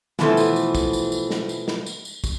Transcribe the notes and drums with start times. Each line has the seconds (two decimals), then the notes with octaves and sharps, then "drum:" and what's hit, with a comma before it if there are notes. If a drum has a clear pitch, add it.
0.19 B2 E3 F3 A3, drum: snare
0.37 drum: tambourine
0.56 drum: tambourine
0.75 drum: kick, tambourine
0.93 drum: tambourine
1.12 drum: tambourine
1.30 drum: snare
1.49 drum: tambourine
1.68 drum: snare
1.86 drum: tambourine
2.05 drum: tambourine
2.24 drum: kick, tambourine